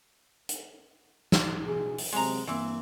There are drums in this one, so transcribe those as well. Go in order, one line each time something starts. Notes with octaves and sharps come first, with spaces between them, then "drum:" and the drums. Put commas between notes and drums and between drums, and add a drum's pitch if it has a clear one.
drum: hi-hat
drum: snare
B2 G#4
drum: open hi-hat
C3 F#3 G#3 C4 A#5
G2 E3 A#3 C4